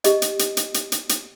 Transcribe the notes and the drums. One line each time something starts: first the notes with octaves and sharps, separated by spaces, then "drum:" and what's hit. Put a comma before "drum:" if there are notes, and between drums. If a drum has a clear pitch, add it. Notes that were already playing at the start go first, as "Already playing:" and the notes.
G4 D#5, drum: hi-hat
drum: hi-hat
drum: hi-hat
drum: hi-hat
drum: hi-hat
drum: hi-hat
drum: hi-hat